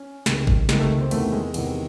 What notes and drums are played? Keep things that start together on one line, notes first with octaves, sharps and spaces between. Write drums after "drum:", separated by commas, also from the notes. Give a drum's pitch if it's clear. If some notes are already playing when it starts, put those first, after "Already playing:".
Already playing: C#4
C#2 C3 D#3, drum: snare
drum: kick G1
C#2 C3 D#3 G#3, drum: snare
A3
C4
E2 C3 D#3 A3, drum: cymbal
G#3
E2 C3 D#3, drum: cymbal